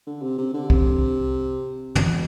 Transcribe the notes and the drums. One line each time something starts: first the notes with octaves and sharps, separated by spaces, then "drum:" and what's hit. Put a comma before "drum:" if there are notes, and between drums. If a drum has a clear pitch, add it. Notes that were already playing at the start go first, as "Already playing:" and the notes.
D3
C3
C3
D3
C3, drum: kick C2
B2, drum: tom